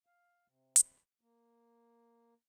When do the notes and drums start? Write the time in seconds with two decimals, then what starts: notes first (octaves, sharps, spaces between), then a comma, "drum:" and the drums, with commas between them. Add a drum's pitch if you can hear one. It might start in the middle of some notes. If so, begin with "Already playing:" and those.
0.06 F5
0.48 C3
0.76 drum: hi-hat
1.21 A#3